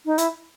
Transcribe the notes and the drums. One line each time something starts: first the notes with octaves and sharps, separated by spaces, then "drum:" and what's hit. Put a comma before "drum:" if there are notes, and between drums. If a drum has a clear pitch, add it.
D#4
E4, drum: hi-hat